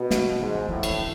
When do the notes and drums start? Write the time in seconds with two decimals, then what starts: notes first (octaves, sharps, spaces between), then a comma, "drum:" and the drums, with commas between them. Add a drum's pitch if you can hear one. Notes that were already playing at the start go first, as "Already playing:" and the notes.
Already playing: B2
0.11 F3, drum: snare
0.40 G#2 F3
0.54 F3
0.69 A2 F3
0.83 E3, drum: cymbal
0.98 D#3